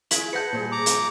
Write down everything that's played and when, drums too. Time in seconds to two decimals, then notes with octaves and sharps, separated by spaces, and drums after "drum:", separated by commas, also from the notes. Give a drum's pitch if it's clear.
0.11 E4 G#4 G#6 B6 F#7, drum: hi-hat
0.33 B4 F#5 A5 G6 A#6 C#7
0.52 A#2 G3 G#4 C5
0.72 A#5 D6
0.86 drum: hi-hat